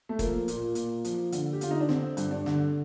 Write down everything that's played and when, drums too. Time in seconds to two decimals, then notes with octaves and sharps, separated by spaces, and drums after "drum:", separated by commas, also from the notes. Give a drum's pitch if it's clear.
0.09 A3
0.19 F3 A#3, drum: kick, hi-hat
0.48 A#2, drum: hi-hat
0.75 A#2, drum: hi-hat
1.05 F3, drum: hi-hat
1.32 D3, drum: hi-hat
1.53 G4
1.61 D3 F4, drum: hi-hat
1.71 D#4
1.80 D4
1.89 D3 C4, drum: snare
2.17 G2, drum: hi-hat
2.31 D4
2.46 D3, drum: snare